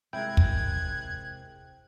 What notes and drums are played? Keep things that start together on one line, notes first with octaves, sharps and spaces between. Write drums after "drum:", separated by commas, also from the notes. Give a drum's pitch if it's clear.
C3 G#3 E4 A#4 G5 F#6 G#6
drum: kick